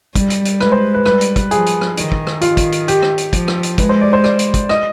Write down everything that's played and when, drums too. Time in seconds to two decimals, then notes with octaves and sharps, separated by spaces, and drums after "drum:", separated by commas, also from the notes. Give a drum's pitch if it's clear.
0.15 G3, drum: kick, hi-hat
0.30 drum: hi-hat
0.45 drum: hi-hat
0.61 G#3 B4, drum: rim click
0.72 C5
0.94 B4
1.06 G3 B4, drum: rim click
1.21 drum: hi-hat
1.36 drum: kick, hi-hat
1.51 F3 G#4, drum: hi-hat
1.66 drum: hi-hat
1.81 drum: rim click
1.97 D#3, drum: hi-hat
2.12 drum: kick
2.27 drum: rim click
2.41 D#3 F4, drum: hi-hat
2.57 drum: kick, hi-hat
2.72 drum: hi-hat
2.88 G4, drum: hi-hat
3.03 drum: rim click
3.18 drum: hi-hat
3.33 F3, drum: kick, hi-hat
3.48 drum: rim click
3.63 drum: hi-hat
3.78 G#3 B4, drum: kick, hi-hat
3.89 C5
4.01 D5
4.13 C5
4.24 D5, drum: rim click
4.39 drum: hi-hat
4.54 drum: kick, hi-hat
4.69 D#5, drum: rim click